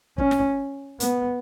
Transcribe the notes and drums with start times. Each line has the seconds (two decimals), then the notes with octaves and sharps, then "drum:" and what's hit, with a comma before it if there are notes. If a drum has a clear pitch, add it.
0.18 C#4, drum: kick
0.31 drum: snare
1.00 B3, drum: hi-hat